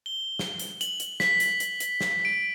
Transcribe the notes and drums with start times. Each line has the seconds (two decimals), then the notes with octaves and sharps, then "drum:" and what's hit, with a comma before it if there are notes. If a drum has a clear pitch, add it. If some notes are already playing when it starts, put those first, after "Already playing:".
0.06 G7
0.39 drum: snare
0.60 drum: hi-hat
0.81 F#7, drum: hi-hat
1.00 drum: hi-hat
1.20 B6, drum: snare
1.40 drum: hi-hat
1.60 drum: hi-hat
1.80 drum: hi-hat
2.01 drum: snare
2.25 D7